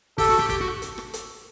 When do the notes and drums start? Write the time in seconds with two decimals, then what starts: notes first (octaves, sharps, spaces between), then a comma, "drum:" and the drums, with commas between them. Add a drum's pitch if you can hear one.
0.18 G4 A4, drum: kick, open hi-hat
0.30 F#4
0.39 G4
0.50 G4, drum: kick, hi-hat
0.61 F#4
0.82 drum: hi-hat
0.98 drum: rim click
1.14 drum: hi-hat